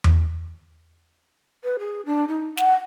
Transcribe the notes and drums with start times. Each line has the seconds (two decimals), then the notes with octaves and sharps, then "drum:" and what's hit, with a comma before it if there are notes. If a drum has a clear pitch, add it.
0.04 drum: tom E2
1.63 B4
1.79 G#4
2.05 D4
2.28 D#4
2.57 F#5, drum: snare